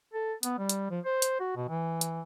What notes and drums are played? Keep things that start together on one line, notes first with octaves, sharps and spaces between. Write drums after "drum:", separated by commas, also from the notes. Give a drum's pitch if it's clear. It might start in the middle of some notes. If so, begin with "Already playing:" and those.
A4
B3, drum: hi-hat
G3
drum: hi-hat
F3
C5
drum: hi-hat
F#4
B2
E3
drum: hi-hat